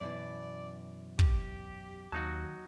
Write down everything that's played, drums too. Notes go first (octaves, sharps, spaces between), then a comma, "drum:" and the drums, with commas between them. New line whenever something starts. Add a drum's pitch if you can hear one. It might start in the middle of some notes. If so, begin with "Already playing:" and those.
F#2 B2 E3 D5
G4, drum: kick
D#2 D#3 F#3 D#4 F#4 F5 A5